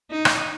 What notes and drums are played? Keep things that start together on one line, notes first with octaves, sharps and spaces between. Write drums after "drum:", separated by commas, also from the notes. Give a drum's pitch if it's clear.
D#4
drum: rim click